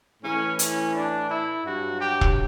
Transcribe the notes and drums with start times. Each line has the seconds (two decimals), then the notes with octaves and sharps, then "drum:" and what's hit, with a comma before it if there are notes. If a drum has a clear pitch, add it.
0.23 A2 E3 C#4
0.59 C#4, drum: hi-hat
0.94 D4
1.29 E4
1.64 G2 F#3 F#4
2.00 G4
2.21 drum: kick E1